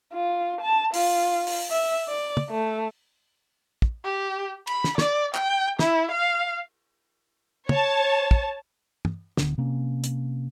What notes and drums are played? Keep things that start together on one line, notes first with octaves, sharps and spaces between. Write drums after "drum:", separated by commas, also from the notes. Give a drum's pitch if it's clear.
F4
A5
F4, drum: open hi-hat
drum: open hi-hat
E5
D5
drum: tom
A3
drum: kick
G4
B5, drum: cymbal
drum: snare
D5, drum: snare
G5, drum: clap
E4, drum: snare
F5
C#5 A5, drum: tom
drum: kick
drum: tom
D1 D3 B3, drum: snare
C3 A#3 C#4
drum: hi-hat